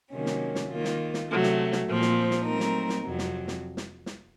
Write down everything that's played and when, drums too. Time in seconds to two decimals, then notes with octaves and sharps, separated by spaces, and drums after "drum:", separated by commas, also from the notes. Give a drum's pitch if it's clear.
0.11 C3 D#3 F#3 A#3 C#4
0.26 drum: snare
0.55 drum: snare
0.70 D#3 A#3 F4
0.85 drum: snare
1.14 drum: snare
1.28 C3 F#3 A3
1.43 drum: snare
1.72 drum: snare
1.86 A#2 F3 C4
2.02 drum: snare
2.31 drum: snare
2.45 F#3 A3 C4 D#4 A#4
2.60 drum: snare
2.89 drum: snare
3.04 F2 C3 F#3
3.19 drum: snare
3.48 drum: snare
3.77 drum: snare
4.06 drum: snare